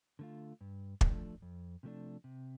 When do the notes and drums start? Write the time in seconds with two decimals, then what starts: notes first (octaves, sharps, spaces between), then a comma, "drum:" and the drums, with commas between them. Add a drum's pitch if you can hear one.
0.19 D3 A3 F4
0.61 G2
1.01 F3 A3 D4, drum: kick
1.42 F2
1.83 C3 F3 A3 D4
2.24 C3